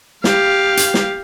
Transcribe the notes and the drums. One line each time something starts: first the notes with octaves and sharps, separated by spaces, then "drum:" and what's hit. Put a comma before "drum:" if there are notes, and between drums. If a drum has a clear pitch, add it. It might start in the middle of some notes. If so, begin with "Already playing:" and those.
G4 F5, drum: snare
drum: hi-hat
drum: snare